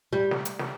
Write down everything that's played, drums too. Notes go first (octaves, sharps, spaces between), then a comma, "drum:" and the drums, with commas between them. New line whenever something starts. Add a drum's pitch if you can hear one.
G3
drum: snare
drum: hi-hat
drum: snare